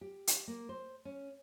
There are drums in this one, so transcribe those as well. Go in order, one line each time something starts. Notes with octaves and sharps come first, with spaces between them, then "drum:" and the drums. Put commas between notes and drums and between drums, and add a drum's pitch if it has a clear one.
G4
drum: hi-hat
A#3
C5
C#4